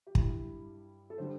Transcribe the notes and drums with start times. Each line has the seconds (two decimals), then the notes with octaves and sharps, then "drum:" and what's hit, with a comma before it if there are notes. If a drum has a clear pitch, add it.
0.07 G4
0.15 G2 G3 E4, drum: kick
1.10 A4
1.18 D3 G3 C5